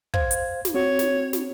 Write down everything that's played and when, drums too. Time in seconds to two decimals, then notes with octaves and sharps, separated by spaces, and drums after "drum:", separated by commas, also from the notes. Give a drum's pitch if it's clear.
0.14 C5 F5 G#6, drum: kick
0.31 drum: hi-hat
0.65 drum: snare
0.74 C4 F#4 C#5
0.99 drum: snare
1.33 drum: snare